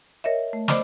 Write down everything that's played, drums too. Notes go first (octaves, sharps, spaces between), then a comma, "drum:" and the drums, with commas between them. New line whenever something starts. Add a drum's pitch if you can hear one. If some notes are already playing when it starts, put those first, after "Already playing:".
A#4 C#5 D#5 E5
A3
C5 D5 D#5 B5 D6 F6, drum: snare